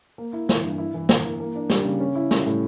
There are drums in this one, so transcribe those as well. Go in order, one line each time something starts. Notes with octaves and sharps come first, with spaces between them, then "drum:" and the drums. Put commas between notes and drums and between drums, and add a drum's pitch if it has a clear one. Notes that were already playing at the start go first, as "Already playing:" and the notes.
A#3
E4
E3, drum: snare
G2
E4
E3
A#3, drum: snare
E3
A#3
D4
G3, drum: snare
C#3
C#4
E4
G3, drum: snare
A2